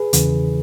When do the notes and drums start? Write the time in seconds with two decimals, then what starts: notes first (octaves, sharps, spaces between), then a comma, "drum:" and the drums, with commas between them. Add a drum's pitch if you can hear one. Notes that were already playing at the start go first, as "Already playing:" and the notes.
Already playing: G#4 B4
0.13 E2 C#3 E3, drum: hi-hat